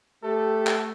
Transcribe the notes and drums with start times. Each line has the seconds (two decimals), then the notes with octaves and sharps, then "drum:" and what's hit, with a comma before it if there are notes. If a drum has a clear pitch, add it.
0.23 A3 G4 A4
0.67 drum: clap